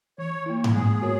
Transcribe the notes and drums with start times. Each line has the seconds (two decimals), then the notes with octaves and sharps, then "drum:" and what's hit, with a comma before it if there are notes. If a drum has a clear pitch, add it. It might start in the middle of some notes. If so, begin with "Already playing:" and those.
0.18 E3 C#5
0.46 A#3 E4
0.64 drum: tom G#2
0.74 G#3 G#4
1.02 B3 F#4 A#4 C#5